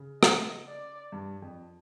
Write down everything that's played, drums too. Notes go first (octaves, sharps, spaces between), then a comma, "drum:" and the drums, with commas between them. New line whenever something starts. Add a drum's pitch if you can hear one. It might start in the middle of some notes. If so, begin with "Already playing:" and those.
Already playing: C#3
D#5, drum: rim click
D5
G2
F2